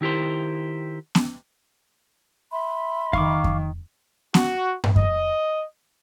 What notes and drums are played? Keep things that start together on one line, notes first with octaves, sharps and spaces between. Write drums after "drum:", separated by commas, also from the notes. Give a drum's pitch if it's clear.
D#3 E4 G4 A#4 C5
drum: snare B3
E5 B5 C6
D#3 F5 C#6 D6, drum: kick F2
drum: kick F2
F#4, drum: snare B3
drum: tom G2
D#5, drum: kick F2